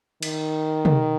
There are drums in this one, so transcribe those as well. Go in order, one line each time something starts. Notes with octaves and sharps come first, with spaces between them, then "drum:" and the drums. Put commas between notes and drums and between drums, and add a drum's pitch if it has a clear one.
D#3, drum: cymbal
drum: tom